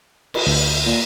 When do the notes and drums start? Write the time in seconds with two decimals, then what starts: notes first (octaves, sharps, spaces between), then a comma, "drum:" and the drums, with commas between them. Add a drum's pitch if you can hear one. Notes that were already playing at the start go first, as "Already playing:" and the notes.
0.34 drum: cymbal
0.47 D2
0.86 A#2